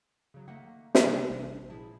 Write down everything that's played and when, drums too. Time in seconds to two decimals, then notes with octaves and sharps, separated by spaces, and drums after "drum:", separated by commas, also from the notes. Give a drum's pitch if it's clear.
0.34 C#3 F#3
0.48 D#3 A3 A#3 D#5 E5 F#5
0.95 drum: snare
1.05 C3 G3 A3 D4 A4
1.30 A1 C3 C#4
1.69 A#2 F3 E4 G#4 A5